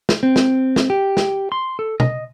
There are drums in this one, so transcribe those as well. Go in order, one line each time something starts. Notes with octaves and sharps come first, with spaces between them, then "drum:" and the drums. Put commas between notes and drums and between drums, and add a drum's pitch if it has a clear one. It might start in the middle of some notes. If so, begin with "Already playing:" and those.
drum: snare
C4
drum: snare
drum: snare
G4
drum: snare
C6
A4
D#5, drum: tom